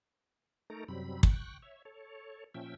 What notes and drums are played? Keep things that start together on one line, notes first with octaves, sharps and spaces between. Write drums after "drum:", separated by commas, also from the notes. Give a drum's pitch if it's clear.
A3 D#4 A4 A#4 A#5
F#2 C3 F#3 G3 C4 B5
G5 C#6 F#6, drum: kick
C#5 E5
A4 C#5
A#2 F3 C#4 E5 G5